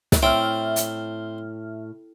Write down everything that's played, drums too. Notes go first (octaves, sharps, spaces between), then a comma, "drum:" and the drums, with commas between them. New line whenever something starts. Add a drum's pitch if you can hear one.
drum: snare
A2 C4 E5 G5 E6 F6
drum: hi-hat